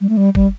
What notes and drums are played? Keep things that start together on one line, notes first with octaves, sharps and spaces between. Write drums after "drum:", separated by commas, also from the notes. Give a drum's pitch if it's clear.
G3
A3
G3
G3, drum: kick